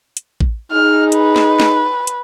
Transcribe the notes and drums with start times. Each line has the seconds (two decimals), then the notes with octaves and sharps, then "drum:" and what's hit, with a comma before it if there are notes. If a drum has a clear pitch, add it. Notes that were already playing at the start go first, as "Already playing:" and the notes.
0.17 drum: hi-hat
0.40 drum: kick A1
0.72 D#4 G#4 F6
1.12 B4, drum: hi-hat
1.36 drum: snare
1.60 drum: snare
2.07 drum: hi-hat